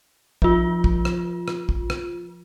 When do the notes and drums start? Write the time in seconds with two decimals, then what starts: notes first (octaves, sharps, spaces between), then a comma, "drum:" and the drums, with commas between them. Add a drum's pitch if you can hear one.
0.42 F3 F4, drum: kick
0.84 drum: kick
1.05 drum: rim click
1.48 drum: rim click
1.69 drum: kick
1.90 drum: rim click